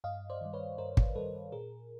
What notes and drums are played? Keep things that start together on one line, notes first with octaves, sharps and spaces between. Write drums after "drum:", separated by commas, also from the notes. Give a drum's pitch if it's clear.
G2 D#5 F5
C5 D5
D#3 G3
B4 C#5
G2 A#4 C5
drum: kick
D#3 G3 A4 B4
A#2 G#4 A#4